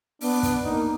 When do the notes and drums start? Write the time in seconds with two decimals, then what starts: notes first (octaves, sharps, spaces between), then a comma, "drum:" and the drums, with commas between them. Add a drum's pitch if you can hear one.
0.21 B3 D4, drum: open hi-hat
0.43 drum: kick, hi-hat
0.65 A#3 D#4